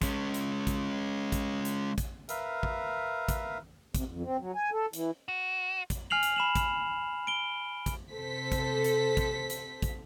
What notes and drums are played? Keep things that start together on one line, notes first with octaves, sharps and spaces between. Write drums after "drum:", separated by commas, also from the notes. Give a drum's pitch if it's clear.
G#3 C#4, drum: kick, hi-hat
drum: hi-hat
drum: kick, hi-hat
drum: kick, hi-hat
drum: hi-hat
drum: kick, hi-hat
A#4 B4 E5 F5, drum: hi-hat
drum: kick
drum: kick, hi-hat
C3, drum: kick, hi-hat
F2
C4
F#3
G#5
A4
E3, drum: hi-hat
F#4
drum: kick, hi-hat
G#5 F6 C7 F7 F#7
drum: hi-hat
B5 E7 F#7
drum: kick, hi-hat
D7 G7
drum: kick, hi-hat
C3 A4 C5 B6
drum: kick, hi-hat
drum: hi-hat
drum: kick, hi-hat
drum: hi-hat
drum: kick, hi-hat